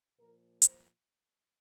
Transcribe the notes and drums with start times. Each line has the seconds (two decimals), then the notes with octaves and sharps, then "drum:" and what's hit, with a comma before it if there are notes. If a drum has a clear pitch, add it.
0.19 A#2 F3 A#4
0.62 C5, drum: hi-hat